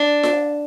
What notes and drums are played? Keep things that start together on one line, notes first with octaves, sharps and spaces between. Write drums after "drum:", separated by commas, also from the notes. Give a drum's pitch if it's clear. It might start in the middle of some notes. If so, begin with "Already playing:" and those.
Already playing: D4
drum: snare F4